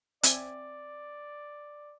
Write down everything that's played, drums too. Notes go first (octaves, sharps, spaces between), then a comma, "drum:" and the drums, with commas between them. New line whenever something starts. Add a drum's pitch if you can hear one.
C4 D5 E5 G#5, drum: hi-hat